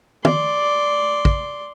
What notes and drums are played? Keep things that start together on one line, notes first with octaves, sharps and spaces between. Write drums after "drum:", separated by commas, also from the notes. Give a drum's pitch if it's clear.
D5 C6, drum: tom
drum: kick